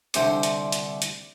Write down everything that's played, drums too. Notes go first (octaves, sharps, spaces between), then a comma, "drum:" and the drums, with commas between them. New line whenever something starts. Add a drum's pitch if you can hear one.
C2 D3 E4 G4 C5 D6, drum: hi-hat
drum: hi-hat
drum: hi-hat
drum: hi-hat